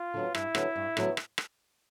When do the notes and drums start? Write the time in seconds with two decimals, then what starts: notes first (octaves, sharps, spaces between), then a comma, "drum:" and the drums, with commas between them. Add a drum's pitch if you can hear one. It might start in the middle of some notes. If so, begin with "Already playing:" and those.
Already playing: F4
0.14 D3 F#3 B3
0.35 G2 E4, drum: rim click
0.55 D3 F#3 B3, drum: rim click
0.76 G2
0.97 D3 F#3 B3, drum: rim click
1.17 drum: rim click
1.38 drum: rim click